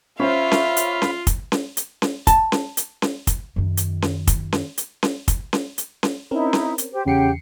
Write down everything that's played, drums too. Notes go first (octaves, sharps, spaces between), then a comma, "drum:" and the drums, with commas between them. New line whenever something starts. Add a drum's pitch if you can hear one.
C#4 F4 C5 E5 F5 B5
drum: snare C#4
drum: hi-hat
drum: snare C#4
drum: kick, hi-hat
drum: snare C#4
drum: hi-hat
drum: snare C#4
A5, drum: kick, hi-hat
drum: snare C#4
drum: hi-hat
drum: snare C#4
drum: kick, hi-hat
F#2 D#3
drum: hi-hat
drum: snare C#4
drum: kick, hi-hat
drum: snare C#4
drum: hi-hat
drum: snare C#4
drum: kick, hi-hat
drum: snare C#4
drum: hi-hat
drum: snare C#4
C4 C#4 D#4 E4 A#4
drum: snare C#4
drum: hi-hat
G4 C5
E2 C#3 G4 F#5 G5 C7 C#7